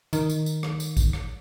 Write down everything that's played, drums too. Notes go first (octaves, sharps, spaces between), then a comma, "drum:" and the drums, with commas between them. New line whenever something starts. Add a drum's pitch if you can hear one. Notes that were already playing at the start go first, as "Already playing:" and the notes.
D#3, drum: tambourine
drum: tambourine
drum: tambourine
drum: rim click
drum: tambourine
drum: kick, tambourine
drum: rim click